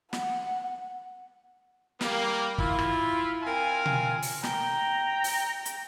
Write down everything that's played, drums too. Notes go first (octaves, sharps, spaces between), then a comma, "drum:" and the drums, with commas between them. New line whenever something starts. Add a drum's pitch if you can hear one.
F#5, drum: snare
G3 A#3, drum: snare
E4 F4, drum: kick
drum: rim click
C4 F4 A#4 F5 G#5
drum: tom B2
drum: open hi-hat
G5 A#5, drum: snare
drum: open hi-hat
drum: hi-hat